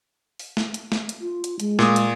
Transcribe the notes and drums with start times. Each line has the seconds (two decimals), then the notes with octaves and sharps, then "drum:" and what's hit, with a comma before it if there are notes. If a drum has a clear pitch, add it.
0.39 drum: open hi-hat
0.57 drum: snare
0.74 drum: hi-hat
0.92 drum: snare
1.09 drum: hi-hat
1.21 F4
1.44 drum: hi-hat
1.60 G#3, drum: hi-hat
1.79 A#2 D#6, drum: snare
1.96 drum: hi-hat